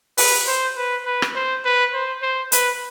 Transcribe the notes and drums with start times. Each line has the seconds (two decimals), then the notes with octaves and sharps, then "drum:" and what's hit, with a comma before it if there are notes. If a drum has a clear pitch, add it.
0.18 B4, drum: open hi-hat
0.47 C5
0.76 B4
1.06 B4
1.22 drum: rim click
1.35 C5
1.65 B4
1.94 C5
2.22 C5
2.52 B4, drum: hi-hat